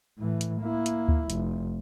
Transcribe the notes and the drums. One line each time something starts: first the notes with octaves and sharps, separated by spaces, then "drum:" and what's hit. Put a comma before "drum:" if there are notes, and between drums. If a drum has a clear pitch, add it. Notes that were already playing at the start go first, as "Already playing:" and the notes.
A2 E3
drum: hi-hat
A#3 E4
drum: hi-hat
drum: kick D2
F1, drum: hi-hat